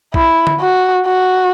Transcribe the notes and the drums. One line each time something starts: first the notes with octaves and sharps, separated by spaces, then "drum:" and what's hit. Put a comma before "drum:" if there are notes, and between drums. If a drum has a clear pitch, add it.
E4, drum: kick A#1
drum: tom D3
F#4
F#4